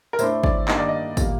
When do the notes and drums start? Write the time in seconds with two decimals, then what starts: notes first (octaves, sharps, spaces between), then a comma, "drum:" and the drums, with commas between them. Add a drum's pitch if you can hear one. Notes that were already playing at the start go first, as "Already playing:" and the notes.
0.13 A#4
0.19 A2 A3 D4 C5, drum: tambourine
0.44 D5, drum: kick
0.68 G2 D#3 A#3 D4 D#5, drum: clap
0.78 D5
0.88 D#5
1.17 A#2 G3 A#3, drum: kick, tambourine